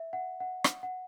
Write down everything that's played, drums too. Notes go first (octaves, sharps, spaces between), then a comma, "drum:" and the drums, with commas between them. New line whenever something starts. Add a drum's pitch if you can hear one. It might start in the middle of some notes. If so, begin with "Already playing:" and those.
Already playing: E5
F#5
F#5
drum: rim click
F#5